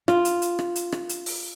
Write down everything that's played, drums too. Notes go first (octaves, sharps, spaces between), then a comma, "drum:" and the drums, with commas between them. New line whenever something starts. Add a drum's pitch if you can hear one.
F4, drum: rim click
drum: hi-hat
drum: hi-hat
drum: rim click
drum: hi-hat
drum: rim click
drum: hi-hat
drum: open hi-hat